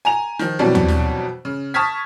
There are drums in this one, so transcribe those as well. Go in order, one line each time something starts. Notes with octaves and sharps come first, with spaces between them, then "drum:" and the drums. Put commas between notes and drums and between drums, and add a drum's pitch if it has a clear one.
G#5 A#5 F7
D#3 F3, drum: snare
F2 B2 E3 F#3 G3 D4
drum: tom
drum: snare
C#3
A5 C#6 D#6 F6 G#6 B6